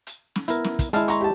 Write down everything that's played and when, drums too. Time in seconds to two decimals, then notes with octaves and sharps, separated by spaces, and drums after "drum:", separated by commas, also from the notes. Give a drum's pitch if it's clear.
0.07 drum: hi-hat
0.36 drum: snare
0.48 B3 E4 A#4, drum: hi-hat
0.64 drum: snare
0.79 drum: kick, hi-hat
0.93 G#3 E4 A5 F6, drum: hi-hat
1.08 A#5 C6 C#6, drum: hi-hat
1.21 G4 A5